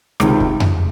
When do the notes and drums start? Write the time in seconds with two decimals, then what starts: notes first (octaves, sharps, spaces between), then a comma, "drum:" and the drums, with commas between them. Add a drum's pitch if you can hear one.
0.20 C#2 C3 D#3, drum: rim click
0.40 drum: kick
0.60 drum: tom F2